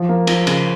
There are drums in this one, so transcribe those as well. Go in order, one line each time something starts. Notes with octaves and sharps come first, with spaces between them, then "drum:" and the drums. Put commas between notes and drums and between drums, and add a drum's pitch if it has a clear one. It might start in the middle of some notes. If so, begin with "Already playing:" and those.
Already playing: F3
A#3
F3, drum: cymbal
C#3, drum: cymbal